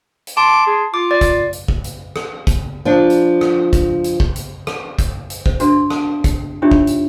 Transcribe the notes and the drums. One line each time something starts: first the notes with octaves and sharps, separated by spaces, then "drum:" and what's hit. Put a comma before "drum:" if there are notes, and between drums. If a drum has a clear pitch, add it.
drum: hi-hat
A5 C6 D6
G#4
F4 D6
D5
drum: kick, hi-hat
drum: hi-hat
drum: kick
drum: hi-hat
drum: rim click
drum: kick, hi-hat
F3 D4
drum: hi-hat
drum: rim click
drum: kick, hi-hat
drum: hi-hat
drum: kick
drum: hi-hat
drum: rim click
drum: kick, hi-hat
drum: hi-hat
C5, drum: kick
D4 F#4 C5 C6, drum: hi-hat
A5, drum: rim click
drum: kick, hi-hat
D4 D#4 F4 G4 C#5 E5
drum: kick
drum: hi-hat